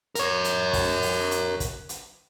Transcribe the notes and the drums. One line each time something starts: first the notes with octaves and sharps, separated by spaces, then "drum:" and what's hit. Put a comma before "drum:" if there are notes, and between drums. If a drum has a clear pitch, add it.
A#4 C#5, drum: hi-hat
drum: hi-hat
drum: kick, open hi-hat
drum: open hi-hat
drum: hi-hat
drum: kick, hi-hat
drum: hi-hat